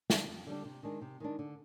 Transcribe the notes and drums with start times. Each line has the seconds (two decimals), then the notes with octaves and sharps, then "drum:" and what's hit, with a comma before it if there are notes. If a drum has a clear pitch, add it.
0.10 D3 G3 D4, drum: snare
0.28 F2
0.47 D3 G3 D4
0.65 C3
0.83 D#3 G#3 D4
1.01 C3
1.20 D#3 G#3 D4
1.39 D3